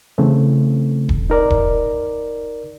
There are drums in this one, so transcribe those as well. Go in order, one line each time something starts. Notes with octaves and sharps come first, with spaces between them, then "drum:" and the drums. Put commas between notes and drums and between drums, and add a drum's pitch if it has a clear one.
C#3 E3 A3 C4
drum: kick D#1
D#4 A#4 D5
drum: kick D#1